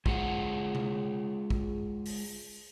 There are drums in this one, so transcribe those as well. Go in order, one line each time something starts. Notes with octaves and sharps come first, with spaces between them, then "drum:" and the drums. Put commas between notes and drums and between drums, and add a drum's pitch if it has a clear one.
G#3 F4 G#4 F#5, drum: kick
drum: tom C3
drum: kick
drum: open hi-hat